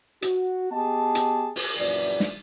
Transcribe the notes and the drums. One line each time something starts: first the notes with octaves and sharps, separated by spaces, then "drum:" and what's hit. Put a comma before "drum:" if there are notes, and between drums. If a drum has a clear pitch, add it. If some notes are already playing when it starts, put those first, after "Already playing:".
F#4, drum: hi-hat
B3 G4 G#4 D#5 A5
drum: hi-hat
drum: open hi-hat
A#1 F#2 E3 F3 D5
drum: snare